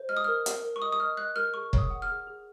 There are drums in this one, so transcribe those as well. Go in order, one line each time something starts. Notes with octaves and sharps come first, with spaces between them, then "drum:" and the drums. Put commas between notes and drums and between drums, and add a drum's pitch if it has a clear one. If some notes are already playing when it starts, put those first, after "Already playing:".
Already playing: C5
D#5 F6
D#6
A#4 F6
A#4, drum: hi-hat
A#4
C#6
D#5 D#6
D#6
D#5 F6
D#5 F#6
A#4 F6
G#4 C#6
C#5, drum: kick
D#6
F#5
F6
G#4
G#4